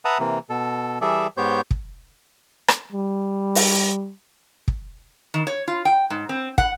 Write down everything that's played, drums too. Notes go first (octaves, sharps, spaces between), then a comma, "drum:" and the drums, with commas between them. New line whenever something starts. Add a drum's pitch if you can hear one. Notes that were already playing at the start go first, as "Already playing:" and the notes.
B4 E5 F#5 A5 A#5 D#6
C3 E3 A#3
B2 A4
E3 G3 G#4 A4 D5 E5
G#2 B3 G4 C5 C#5 G6
drum: kick
drum: rim click
G3
drum: open hi-hat
drum: kick
D#3
C#5
F4
G5
G#2
C4
F#5, drum: kick